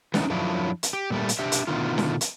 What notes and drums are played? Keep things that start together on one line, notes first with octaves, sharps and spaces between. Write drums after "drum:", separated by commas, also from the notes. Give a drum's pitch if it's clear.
E3 F#3 A3 B3 C#4 D#4, drum: snare
F#2 F3 F#3 D4 E4
drum: hi-hat
G4
A#2 G3 A3
drum: hi-hat
D4 G4 E5
drum: hi-hat
B2 D3 D#3 A3 F4
drum: snare
drum: hi-hat